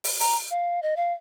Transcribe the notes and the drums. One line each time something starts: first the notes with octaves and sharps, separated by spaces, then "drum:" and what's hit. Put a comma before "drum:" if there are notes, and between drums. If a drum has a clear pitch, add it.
drum: open hi-hat
A#5, drum: open hi-hat
F5
D#5
F5